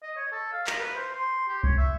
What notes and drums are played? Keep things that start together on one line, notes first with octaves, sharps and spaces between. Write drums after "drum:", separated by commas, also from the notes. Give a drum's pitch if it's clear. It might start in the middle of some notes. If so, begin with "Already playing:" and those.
D#5
C#5
A4
F5
A#4, drum: clap
B4
C5
C6
G4
C#5, drum: kick C2
E5